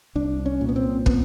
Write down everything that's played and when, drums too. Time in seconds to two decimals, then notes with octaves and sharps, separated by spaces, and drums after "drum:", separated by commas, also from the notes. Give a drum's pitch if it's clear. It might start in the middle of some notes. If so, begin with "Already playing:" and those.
0.15 C2 D4
0.46 C#4
0.61 A#2
0.69 B3
0.76 C4
1.06 B3, drum: kick